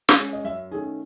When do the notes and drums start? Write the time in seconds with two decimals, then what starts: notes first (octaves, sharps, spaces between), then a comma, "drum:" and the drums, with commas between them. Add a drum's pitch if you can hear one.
0.09 drum: snare
0.18 G#3 C#4
0.33 D#5
0.44 F#2 E5
0.71 D#3 A3 C#4 G#4